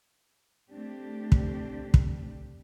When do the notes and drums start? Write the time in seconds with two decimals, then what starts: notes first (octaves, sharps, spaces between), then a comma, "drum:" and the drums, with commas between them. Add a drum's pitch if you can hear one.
0.70 A3 C4 D4 G4
1.32 drum: kick
1.94 drum: kick